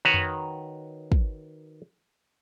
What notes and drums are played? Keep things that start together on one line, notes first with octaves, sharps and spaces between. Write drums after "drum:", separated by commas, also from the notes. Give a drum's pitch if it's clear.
D#3 F#4 B4 C#5
drum: tom F2
drum: kick